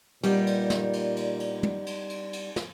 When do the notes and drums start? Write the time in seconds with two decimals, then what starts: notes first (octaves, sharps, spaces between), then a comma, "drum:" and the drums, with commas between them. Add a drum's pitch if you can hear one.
0.23 A#2 G3 B3 D#4, drum: cymbal
0.47 drum: cymbal
0.70 drum: snare
0.93 drum: cymbal
1.17 drum: cymbal
1.40 drum: cymbal
1.63 drum: tom
1.86 drum: cymbal
2.10 drum: cymbal
2.33 drum: cymbal
2.56 drum: snare